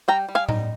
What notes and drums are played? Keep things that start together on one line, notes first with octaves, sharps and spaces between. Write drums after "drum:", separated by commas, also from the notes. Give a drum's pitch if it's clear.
G3 G5 A#5
G3
F5 G#5
D#4, drum: tom A2